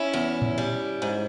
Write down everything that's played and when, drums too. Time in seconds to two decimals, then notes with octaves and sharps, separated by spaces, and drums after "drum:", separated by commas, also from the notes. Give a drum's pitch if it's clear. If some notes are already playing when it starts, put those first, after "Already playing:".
Already playing: C#4 E4
0.13 E2
0.42 drum: tom A2
0.58 G3
1.02 G#2